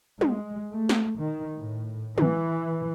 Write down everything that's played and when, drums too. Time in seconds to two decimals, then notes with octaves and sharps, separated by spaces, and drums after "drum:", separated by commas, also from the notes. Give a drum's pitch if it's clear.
0.21 G#3, drum: tom
0.75 A3
0.89 drum: snare
1.18 D#3
1.59 A2
2.18 E3, drum: tom